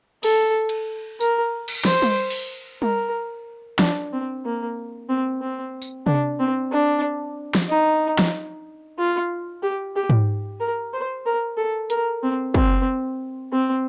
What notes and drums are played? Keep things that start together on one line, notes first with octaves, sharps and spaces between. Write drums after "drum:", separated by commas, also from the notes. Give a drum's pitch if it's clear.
A4, drum: open hi-hat
drum: cymbal
A#4, drum: tambourine
drum: cymbal
C5, drum: snare
drum: tom G3
drum: open hi-hat
A#4, drum: tom G3
D4, drum: snare
C4
A#3
C4
C4
drum: tambourine
D4, drum: tom C3
C4
D4
drum: snare
D#4
drum: snare
F4
G4
G4
drum: tom G#2
A#4
C5
A#4
A4
A#4, drum: hi-hat
C4
C4, drum: kick
C4